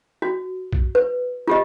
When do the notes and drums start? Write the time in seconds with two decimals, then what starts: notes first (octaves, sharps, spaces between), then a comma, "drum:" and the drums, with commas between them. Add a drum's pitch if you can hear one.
0.22 F#4
0.73 drum: kick
0.95 B4
1.48 F4 G4 D#5